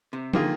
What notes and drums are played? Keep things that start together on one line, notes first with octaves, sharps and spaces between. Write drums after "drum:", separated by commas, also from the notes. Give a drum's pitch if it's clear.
C3
D3 D#3 A#3 F4 G#4, drum: tom